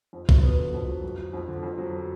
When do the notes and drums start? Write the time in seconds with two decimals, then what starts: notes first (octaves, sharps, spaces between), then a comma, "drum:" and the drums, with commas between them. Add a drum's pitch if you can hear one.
0.13 F2
0.29 F#3, drum: kick B1
0.43 B3
0.58 D3
0.74 F2
0.88 F#3
1.04 F2
1.18 F#3
1.34 F2
1.48 D3
1.63 F2
1.78 F#3